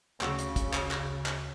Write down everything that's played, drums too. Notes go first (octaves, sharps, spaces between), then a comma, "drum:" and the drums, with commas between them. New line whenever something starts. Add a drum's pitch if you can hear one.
D2 C#3 F#4 E6, drum: clap
drum: hi-hat
drum: kick, hi-hat
drum: clap
drum: clap
drum: clap